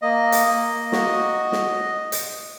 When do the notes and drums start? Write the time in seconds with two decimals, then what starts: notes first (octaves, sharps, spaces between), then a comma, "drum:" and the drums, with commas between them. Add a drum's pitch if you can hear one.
0.02 A#3 D#5
0.32 drum: hi-hat
0.47 A#3
0.92 F#4, drum: snare
1.52 drum: snare
2.12 drum: hi-hat